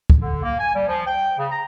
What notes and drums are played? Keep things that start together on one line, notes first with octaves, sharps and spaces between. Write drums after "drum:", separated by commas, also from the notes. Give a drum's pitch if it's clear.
drum: kick
D3
A#3
G#5
G3
F3
G5
C#3
A#5